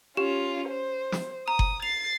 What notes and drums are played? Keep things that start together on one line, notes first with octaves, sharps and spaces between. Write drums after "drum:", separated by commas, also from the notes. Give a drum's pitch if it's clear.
C#4 F4 G4
C5
drum: snare
A#5 D#6
drum: kick F#1
A6 C7 F7